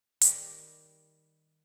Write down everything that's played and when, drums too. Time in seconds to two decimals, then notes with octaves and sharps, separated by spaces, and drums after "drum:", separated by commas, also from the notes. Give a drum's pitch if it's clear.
0.21 D#3 G3 D#4 G4 A#4, drum: hi-hat